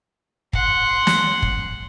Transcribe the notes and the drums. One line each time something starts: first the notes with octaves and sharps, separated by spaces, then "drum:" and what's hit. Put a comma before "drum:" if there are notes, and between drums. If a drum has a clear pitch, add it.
F#5 C6, drum: kick
drum: snare
drum: kick